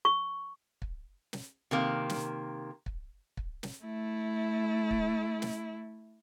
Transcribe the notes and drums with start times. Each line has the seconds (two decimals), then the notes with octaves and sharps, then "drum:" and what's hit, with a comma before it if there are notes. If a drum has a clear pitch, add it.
0.05 C#6
0.82 drum: kick
1.33 drum: snare
1.71 C3 D#3 A#3
2.10 drum: snare
2.86 drum: kick
3.37 drum: kick
3.63 drum: snare
3.84 A3 E4
4.91 drum: kick
5.42 drum: snare